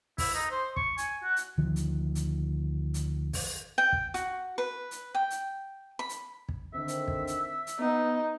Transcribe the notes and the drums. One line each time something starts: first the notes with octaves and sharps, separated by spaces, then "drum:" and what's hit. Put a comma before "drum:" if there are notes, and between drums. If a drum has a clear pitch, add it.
E4, drum: kick, open hi-hat
D#4
C5
C#6, drum: kick
G#5, drum: hi-hat
F#4
drum: hi-hat
D2 D#3 F3
drum: hi-hat
drum: hi-hat
drum: hi-hat
drum: kick, open hi-hat
G5
drum: kick
F#4, drum: hi-hat
B4
drum: hi-hat
G5
drum: hi-hat
B5
drum: hi-hat
drum: kick
D3 D#3 C4 E5
drum: hi-hat
drum: kick
drum: hi-hat
drum: hi-hat
B3 D#4